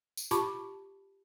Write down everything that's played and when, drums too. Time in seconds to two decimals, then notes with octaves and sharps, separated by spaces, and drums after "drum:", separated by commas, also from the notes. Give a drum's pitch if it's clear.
0.17 drum: tambourine
0.31 F4 G4 A5 B5 C#6 D6, drum: hi-hat